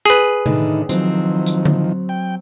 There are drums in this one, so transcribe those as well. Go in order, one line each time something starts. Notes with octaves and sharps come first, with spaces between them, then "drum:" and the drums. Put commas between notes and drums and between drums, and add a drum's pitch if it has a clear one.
G#4 B4
A2 D3 D#3 D#4, drum: tom C3
D#3 F3 F#3 C4, drum: hi-hat
drum: hi-hat
drum: tom D3
G5